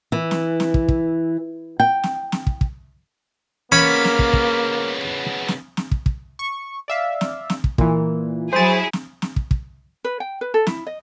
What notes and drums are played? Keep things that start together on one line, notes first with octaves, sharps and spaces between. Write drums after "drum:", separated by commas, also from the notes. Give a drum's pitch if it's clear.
E3
drum: snare
drum: snare
drum: kick
drum: kick
G5
drum: snare
drum: snare
drum: kick
drum: kick
C#3 A#3 B3 C#4 B5
drum: snare
drum: kick
drum: kick
drum: snare
drum: snare
drum: kick
drum: kick
C#6
D5 E5 F5
drum: snare
drum: snare
drum: kick
A#2 E3, drum: kick
F#3 E4 G#4 C5 A6
drum: snare
drum: snare
drum: kick
drum: kick
B4
G5
B4
A4
E4, drum: snare
D#5